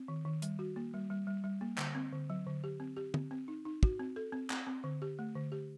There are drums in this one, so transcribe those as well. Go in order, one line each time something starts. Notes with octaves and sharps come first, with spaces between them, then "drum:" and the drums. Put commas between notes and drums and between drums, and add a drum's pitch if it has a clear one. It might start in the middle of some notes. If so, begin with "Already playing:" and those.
Already playing: C4
D#3
D#3
G3, drum: hi-hat
F#4
A#3
G3
G3
G3
G3
A#3
D3, drum: clap
C4
D3
F#3
D3
G4
C4
G4
C4, drum: tom D3
C4
D#4
D#4
F#4, drum: kick
C4
A4
C4
C4, drum: clap
C4
D3
G4
A3
D3
G4